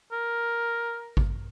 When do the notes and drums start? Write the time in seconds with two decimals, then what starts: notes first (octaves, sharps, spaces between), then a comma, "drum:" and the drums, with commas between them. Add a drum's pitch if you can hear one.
0.12 A#4
1.17 drum: kick G#1